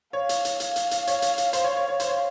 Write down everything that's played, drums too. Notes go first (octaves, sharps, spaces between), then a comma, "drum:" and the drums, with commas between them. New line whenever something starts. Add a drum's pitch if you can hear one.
C#5 F5
drum: hi-hat
drum: hi-hat
F5, drum: hi-hat
drum: hi-hat
drum: hi-hat
C#5, drum: hi-hat
drum: hi-hat
drum: hi-hat
C5, drum: hi-hat
C#5
C#5
C#5
C5 F5, drum: hi-hat
C#5